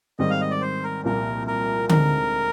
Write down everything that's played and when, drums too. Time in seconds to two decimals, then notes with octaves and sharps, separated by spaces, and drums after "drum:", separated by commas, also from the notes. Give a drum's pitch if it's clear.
0.19 G#2 D#3 G3 C4 D#5
0.30 F5
0.41 D#5
0.51 D5
0.62 C5
0.83 A#4
1.04 C2 A#2 F3 A#3 A#4
1.47 A#4
1.89 D2 D3 G#3 C4 D#4 A#4, drum: tom D3